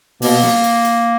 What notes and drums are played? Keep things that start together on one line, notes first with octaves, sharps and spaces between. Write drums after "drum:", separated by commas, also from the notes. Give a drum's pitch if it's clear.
B2 A#3, drum: open hi-hat
drum: snare
drum: hi-hat
drum: hi-hat